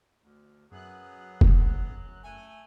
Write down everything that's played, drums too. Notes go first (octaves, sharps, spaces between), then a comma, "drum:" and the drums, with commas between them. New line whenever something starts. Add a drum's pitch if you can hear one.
D2
F#2 F#3 B3 G#4 F#6
drum: kick F1
A3 G#5